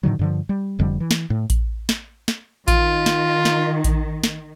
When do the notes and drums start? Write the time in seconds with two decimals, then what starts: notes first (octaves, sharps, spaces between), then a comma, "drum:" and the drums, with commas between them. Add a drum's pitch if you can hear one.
0.03 A2 D3 D#3 F#3
0.19 G2 D3 F3
0.49 G3
0.79 F1 F2 D3 G3
1.00 E3
1.11 drum: snare
1.30 A2
1.50 drum: kick A1, hi-hat
1.89 drum: snare
2.28 drum: snare
2.68 D#3 F4, drum: kick A1, hi-hat
3.06 drum: snare
3.45 drum: snare
3.84 drum: kick A1, hi-hat
4.24 drum: snare